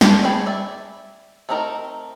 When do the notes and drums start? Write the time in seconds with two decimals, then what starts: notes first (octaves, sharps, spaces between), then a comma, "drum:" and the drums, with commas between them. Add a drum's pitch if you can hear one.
0.01 A5, drum: snare
0.24 A3 G#4 B4 G5 G#5
0.46 D5 E5
1.49 A3 C4 D4 D#4 A#4